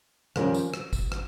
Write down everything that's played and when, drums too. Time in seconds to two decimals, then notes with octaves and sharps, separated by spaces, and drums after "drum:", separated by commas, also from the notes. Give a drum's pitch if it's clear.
0.36 F2 D#3 G3 C#4, drum: rim click
0.54 drum: tambourine
0.74 drum: rim click
0.93 drum: kick G#1, tambourine
1.12 drum: rim click